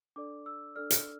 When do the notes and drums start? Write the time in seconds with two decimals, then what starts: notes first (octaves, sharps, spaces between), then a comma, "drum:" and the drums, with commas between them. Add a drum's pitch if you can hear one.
0.16 D4 A4 D5 D6
0.46 E6
0.75 D4 A4 D5 F6
0.90 drum: hi-hat